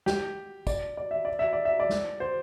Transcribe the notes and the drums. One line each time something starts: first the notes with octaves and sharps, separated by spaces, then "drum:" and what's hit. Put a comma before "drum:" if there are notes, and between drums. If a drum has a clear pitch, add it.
G4, drum: snare
D5, drum: kick, tambourine
D5
E5
D5
E5
D5
E5
D5
drum: snare
C5